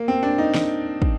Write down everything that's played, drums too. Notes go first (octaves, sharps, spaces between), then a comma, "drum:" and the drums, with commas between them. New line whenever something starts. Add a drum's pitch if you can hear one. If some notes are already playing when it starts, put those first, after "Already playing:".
Already playing: A#3
C4
D4
D#4
drum: snare
drum: kick